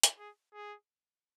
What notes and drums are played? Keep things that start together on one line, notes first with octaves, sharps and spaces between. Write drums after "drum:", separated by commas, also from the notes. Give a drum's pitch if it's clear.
drum: hi-hat
G#4
G#4